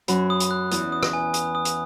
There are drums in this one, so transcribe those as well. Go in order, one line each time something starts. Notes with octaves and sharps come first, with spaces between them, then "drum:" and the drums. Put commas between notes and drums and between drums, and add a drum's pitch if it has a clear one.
F#2 F#3 B5, drum: hi-hat
D#6
drum: hi-hat
F#6
E2 E3 D#6, drum: hi-hat
D#6
drum: rim click
G#5
D#6, drum: hi-hat
D#6
drum: hi-hat